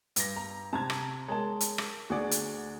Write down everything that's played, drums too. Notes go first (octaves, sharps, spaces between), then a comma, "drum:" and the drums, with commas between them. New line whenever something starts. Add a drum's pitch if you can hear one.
G2 A#6, drum: hi-hat
A#5
C3 A5 A#5 G#6
drum: rim click
G#3 A#4 C#5 A5
drum: hi-hat
drum: rim click
D2 F#4 G#4 D5
drum: hi-hat